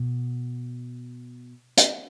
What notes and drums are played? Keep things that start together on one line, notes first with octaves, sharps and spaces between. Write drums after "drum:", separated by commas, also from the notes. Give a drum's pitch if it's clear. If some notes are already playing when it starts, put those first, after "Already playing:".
Already playing: B2
drum: hi-hat